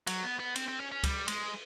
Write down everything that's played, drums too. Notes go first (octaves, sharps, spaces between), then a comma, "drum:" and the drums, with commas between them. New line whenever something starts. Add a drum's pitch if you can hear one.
F#3, drum: cymbal
B3
B3
C4, drum: cymbal
C4
C#4
C#4
G3, drum: kick C#2, cymbal
G#3, drum: cymbal